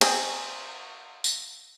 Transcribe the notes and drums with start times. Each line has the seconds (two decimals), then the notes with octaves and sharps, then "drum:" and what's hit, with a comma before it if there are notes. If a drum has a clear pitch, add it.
0.01 C4 G#4, drum: cymbal
1.24 drum: tambourine